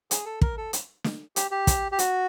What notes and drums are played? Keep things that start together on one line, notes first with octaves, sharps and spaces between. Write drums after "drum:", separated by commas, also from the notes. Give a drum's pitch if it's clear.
G#4, drum: hi-hat
A4
A#4, drum: kick
A4
drum: hi-hat
drum: snare
G4, drum: hi-hat
G4
drum: kick, hi-hat
G4
F#4, drum: hi-hat